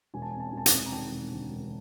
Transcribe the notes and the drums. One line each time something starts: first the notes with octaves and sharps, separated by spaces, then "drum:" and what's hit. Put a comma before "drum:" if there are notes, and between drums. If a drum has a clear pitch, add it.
E1 G#5
A5
C3 G#5
A5
G#5
E1 A5
F#5 G#5, drum: hi-hat
C3
A#5
D#3 G5 A5
E1
D2
E1